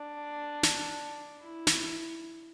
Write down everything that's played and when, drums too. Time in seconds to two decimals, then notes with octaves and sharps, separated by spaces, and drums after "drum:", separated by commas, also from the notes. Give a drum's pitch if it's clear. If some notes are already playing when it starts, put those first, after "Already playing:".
Already playing: D4
0.63 drum: snare
1.41 E4
1.67 drum: snare